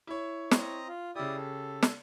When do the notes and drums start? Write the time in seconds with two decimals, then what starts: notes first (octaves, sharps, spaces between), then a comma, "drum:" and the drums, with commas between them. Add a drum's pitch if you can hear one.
0.07 E4 C#5
0.51 C4 D#5 A#5, drum: snare
0.88 F4
1.15 C#3 E4 G4 D5 D#6
1.37 A4
1.82 drum: snare